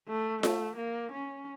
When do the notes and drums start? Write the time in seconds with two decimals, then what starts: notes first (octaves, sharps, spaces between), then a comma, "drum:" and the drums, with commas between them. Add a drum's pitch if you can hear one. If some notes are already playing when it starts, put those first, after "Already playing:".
0.08 A3
0.43 A3, drum: snare F4
0.77 A#3
1.12 C#4